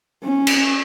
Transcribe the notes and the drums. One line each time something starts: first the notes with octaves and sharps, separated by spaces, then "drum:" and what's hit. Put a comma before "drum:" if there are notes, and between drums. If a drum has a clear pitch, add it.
C#4
drum: cymbal